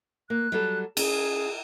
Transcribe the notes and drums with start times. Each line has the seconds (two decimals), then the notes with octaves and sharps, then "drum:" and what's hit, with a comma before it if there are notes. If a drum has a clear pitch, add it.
0.30 A#3 F#6
0.52 F#3 G3 A4
0.97 C#4 G#4, drum: cymbal